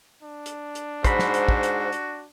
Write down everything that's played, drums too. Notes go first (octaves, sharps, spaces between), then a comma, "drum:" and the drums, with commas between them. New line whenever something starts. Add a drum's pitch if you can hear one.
D4
drum: hi-hat
drum: hi-hat
G#2 F#4 C5 B5, drum: kick, hi-hat
drum: snare
drum: hi-hat
drum: kick
drum: hi-hat
drum: hi-hat